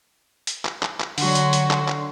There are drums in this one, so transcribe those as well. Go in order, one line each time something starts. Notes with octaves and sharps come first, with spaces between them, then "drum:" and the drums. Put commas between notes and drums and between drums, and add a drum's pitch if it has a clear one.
drum: hi-hat
drum: clap
drum: clap
drum: clap
D3 F#3 F#4 C6, drum: open hi-hat
drum: hi-hat
drum: hi-hat
drum: clap
drum: clap